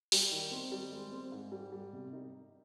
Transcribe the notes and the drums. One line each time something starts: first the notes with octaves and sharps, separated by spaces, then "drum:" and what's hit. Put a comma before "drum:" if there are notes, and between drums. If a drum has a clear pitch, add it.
G3, drum: open hi-hat
D#3
C4
G3
G#3
C4
G#2
G3
G3
C3
D#4